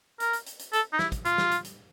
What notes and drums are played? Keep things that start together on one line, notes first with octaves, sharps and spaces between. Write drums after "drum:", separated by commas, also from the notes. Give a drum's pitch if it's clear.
A#4, drum: hi-hat
drum: hi-hat
drum: hi-hat
drum: hi-hat
A4, drum: hi-hat
D#4
E4, drum: snare
drum: kick, hi-hat
F4, drum: hi-hat
drum: snare
drum: hi-hat
drum: hi-hat